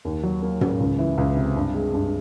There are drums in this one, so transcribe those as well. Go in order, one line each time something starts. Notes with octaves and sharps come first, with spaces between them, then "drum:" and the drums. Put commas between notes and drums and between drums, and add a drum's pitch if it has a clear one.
D#2
F#3
A#3
C#3, drum: tom
C#2
E3
C#2
C3
G2
G#3
G2